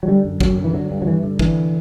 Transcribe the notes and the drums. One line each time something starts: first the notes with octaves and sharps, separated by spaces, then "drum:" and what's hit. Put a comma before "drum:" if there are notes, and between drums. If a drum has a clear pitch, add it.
F#3
D3 G3
F#2
F#2 F#3, drum: kick
D3
E3
D3 F#3
G2
F#3
G2 E3
D3
D3 E3, drum: kick